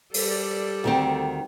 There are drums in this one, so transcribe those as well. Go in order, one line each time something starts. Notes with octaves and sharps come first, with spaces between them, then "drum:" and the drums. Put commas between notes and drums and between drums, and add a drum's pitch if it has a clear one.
G3 A4 D5, drum: open hi-hat
D2 D#3 C4